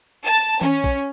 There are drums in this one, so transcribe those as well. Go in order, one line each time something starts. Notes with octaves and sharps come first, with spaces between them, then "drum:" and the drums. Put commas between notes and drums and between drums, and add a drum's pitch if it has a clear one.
A5
C#4, drum: tom D#3
drum: kick A#1